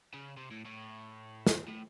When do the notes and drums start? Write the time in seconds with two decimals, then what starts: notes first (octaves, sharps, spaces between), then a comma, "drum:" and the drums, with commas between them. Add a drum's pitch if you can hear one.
0.14 C#3
0.37 C3
0.51 A2
0.65 A2
1.47 drum: snare
1.68 A2